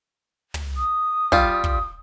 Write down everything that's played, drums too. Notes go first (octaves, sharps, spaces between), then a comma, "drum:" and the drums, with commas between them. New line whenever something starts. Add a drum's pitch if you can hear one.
drum: tom
D#6
G3 F4, drum: kick
drum: kick